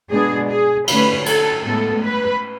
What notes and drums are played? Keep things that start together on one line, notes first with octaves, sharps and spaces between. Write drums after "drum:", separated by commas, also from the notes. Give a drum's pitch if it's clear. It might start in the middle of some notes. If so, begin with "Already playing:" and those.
B2 G#3 B3 D4 G#4
G#4
D3 A3 C#4 B4, drum: cymbal
A4, drum: cymbal
A2 G#3 B3 A4
B4